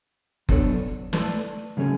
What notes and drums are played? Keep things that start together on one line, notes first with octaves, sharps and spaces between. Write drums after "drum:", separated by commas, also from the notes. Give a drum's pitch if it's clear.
F#3 B3 D4 A4 C#5, drum: kick F#1
A3 E4 B4 D5, drum: snare
C#3 F#3 A3 C#4 G#4